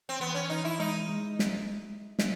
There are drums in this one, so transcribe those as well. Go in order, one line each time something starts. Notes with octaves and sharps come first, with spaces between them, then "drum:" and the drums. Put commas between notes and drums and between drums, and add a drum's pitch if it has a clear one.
C4
E3 B3
C#4
E3 D#4
E4
G#3 D#4
G#3
drum: snare
drum: snare